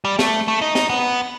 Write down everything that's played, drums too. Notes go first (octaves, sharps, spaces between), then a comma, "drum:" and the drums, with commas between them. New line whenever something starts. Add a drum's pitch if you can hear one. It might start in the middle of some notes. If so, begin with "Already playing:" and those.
G3
A3, drum: snare
A3
D#4
D#4, drum: snare
B3